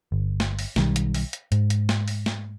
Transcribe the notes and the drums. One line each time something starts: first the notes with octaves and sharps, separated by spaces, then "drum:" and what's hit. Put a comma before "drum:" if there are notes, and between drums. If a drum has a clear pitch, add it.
G1
drum: snare
drum: open hi-hat
B1 D#3 F#3 G3, drum: snare
drum: hi-hat
drum: open hi-hat
drum: hi-hat
G#2, drum: hi-hat
drum: hi-hat
drum: snare
drum: open hi-hat
drum: snare